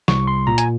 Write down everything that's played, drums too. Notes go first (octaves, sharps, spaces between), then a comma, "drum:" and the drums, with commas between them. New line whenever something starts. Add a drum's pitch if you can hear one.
C2 C#6, drum: snare
C6
A#2 A#5
G#5, drum: hi-hat